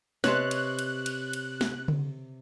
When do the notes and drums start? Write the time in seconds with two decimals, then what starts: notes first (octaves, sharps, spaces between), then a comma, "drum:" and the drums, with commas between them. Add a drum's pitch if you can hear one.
0.24 C3 B4 C#5 D#5 A5 C6 F#6, drum: snare
0.51 drum: cymbal
0.79 drum: cymbal
1.06 drum: cymbal
1.33 drum: cymbal
1.61 drum: snare
1.88 drum: tom C#3